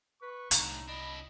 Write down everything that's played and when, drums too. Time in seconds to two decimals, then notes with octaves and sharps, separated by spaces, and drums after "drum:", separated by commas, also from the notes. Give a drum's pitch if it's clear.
0.22 B4 C#6
0.51 C2 A2 D4 D#4, drum: hi-hat
0.88 D4 E4 D#5 B5